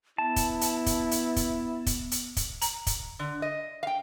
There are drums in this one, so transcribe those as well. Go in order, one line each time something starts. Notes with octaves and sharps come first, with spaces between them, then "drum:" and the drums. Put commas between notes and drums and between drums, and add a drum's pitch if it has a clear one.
B3 E4 A5
drum: kick, hi-hat
drum: hi-hat
drum: kick, hi-hat
drum: hi-hat
drum: kick, hi-hat
drum: kick, hi-hat
drum: hi-hat
drum: kick, hi-hat
A#5, drum: hi-hat
drum: kick, hi-hat
D3
D#5
F5 G5